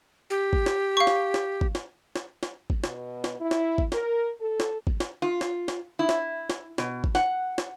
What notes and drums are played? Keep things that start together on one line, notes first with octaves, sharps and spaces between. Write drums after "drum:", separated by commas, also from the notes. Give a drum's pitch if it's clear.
G4
drum: kick
drum: snare
F5 C#6
drum: snare
drum: snare
drum: kick
drum: snare
drum: snare
drum: snare
drum: kick
B2, drum: snare
drum: snare
E4
drum: snare
drum: kick
A#4, drum: snare
A4
drum: snare
drum: kick
drum: snare
F4
drum: snare
drum: snare
E4
drum: snare
drum: snare
B2, drum: snare
drum: kick
F#5, drum: snare
drum: snare